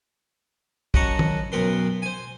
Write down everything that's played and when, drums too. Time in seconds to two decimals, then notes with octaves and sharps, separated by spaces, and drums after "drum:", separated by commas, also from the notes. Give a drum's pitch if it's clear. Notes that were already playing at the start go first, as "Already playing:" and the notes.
0.94 F#2 D#5 F#5 A5 A#5 C#6, drum: kick
1.19 drum: tom
1.52 B1 F#2 B3 A#4 C6
2.02 C5 G#5